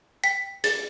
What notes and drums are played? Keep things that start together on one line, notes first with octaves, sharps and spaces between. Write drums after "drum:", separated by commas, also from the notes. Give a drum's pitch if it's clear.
G5 B6
G#4 A6, drum: hi-hat